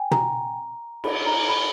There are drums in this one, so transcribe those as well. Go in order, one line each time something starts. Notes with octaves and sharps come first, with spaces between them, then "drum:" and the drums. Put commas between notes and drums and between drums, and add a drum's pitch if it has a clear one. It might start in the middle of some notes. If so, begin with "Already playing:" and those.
Already playing: G5 G#5
A#5, drum: tom
B5, drum: cymbal
A#5
B5